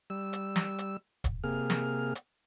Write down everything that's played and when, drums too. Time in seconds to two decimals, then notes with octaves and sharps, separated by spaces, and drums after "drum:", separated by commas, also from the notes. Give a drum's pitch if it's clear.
0.10 G3 E6
0.33 drum: hi-hat
0.56 drum: snare
0.78 drum: hi-hat
1.24 drum: kick, hi-hat
1.44 C3 A#3 G#4 F6
1.70 drum: snare
2.15 drum: hi-hat